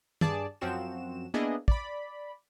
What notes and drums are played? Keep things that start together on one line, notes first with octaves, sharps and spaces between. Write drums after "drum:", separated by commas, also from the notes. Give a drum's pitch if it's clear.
G2 G#4 D5 A5, drum: tom
F#2 F3 C4 F#4 E7
A#3 B3 D4 E4 G#4 D#5
D5 B5, drum: kick